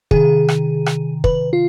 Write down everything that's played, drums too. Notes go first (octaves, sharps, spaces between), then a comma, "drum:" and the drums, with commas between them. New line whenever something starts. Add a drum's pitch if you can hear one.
C3 D#3 G#4, drum: kick
drum: rim click
drum: rim click
B4, drum: kick
F4